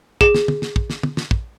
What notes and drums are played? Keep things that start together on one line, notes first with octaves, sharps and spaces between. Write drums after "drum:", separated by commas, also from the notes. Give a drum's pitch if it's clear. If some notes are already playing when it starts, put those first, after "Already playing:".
G#4, drum: kick
drum: snare
drum: tom
drum: snare
drum: kick
drum: snare
drum: tom
drum: snare
drum: kick